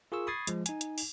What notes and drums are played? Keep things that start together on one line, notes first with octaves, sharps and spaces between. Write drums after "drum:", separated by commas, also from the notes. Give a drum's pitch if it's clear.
F4 G#4 A#4 C#6 E6
B5 C#6 D#6 G#6 A6 C7
F3 G#3, drum: hi-hat
D#4 G#5, drum: hi-hat
drum: hi-hat
drum: open hi-hat